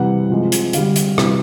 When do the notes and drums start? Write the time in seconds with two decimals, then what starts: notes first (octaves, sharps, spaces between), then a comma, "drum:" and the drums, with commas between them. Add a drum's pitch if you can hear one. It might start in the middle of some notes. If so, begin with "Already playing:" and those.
Already playing: C3 E3 G3 F#5
0.30 C3 F3 G#3
0.52 drum: hi-hat
0.73 D3 G3 F5, drum: hi-hat
0.96 drum: hi-hat
1.18 C3 E3 G3, drum: rim click